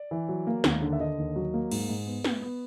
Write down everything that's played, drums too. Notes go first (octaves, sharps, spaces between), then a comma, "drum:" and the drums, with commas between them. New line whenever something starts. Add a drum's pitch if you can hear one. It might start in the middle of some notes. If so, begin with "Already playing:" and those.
Already playing: D5
E3
F#3
A#3
D#2, drum: snare
D3
E5
D3 D#5
D#2
F#3
A#3
G#2, drum: cymbal
G#2
B3
B3, drum: snare
B3